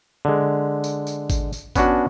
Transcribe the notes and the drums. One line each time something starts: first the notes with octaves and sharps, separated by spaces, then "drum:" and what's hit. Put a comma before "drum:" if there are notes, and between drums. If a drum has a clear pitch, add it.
D3 G#3
drum: tambourine
drum: tambourine
drum: kick G#1, tambourine
drum: tambourine
B3 C#4 D4 F#4, drum: kick G#1, tambourine